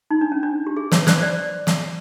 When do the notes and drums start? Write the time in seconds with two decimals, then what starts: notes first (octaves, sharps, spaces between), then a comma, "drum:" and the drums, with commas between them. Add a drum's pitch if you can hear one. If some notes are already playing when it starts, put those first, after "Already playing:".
0.11 D#4
0.21 D4
0.32 C#4
0.43 D4
0.67 G4
0.77 G#4
0.92 B4 C#5, drum: snare
1.07 C5 D5, drum: snare
1.22 C5 D5
1.67 drum: snare